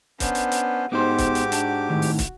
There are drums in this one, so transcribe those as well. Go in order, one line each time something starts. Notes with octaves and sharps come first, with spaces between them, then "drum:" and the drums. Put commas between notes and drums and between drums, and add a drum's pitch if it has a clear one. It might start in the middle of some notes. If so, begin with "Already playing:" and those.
B3 C#4 D4 C5, drum: kick, hi-hat
drum: hi-hat
drum: hi-hat
G#2 B3 D#4 F#4 G4 C5 D6
drum: kick, hi-hat
drum: hi-hat
D4, drum: hi-hat
A2 D#3
drum: open hi-hat
drum: kick, hi-hat